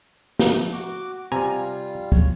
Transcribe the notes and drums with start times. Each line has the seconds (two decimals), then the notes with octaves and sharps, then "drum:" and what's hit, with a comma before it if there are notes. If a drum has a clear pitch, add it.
0.39 A3, drum: snare
0.72 F#4 D6
1.32 C3 G3 F4 G#5 A#5
2.12 C#5, drum: kick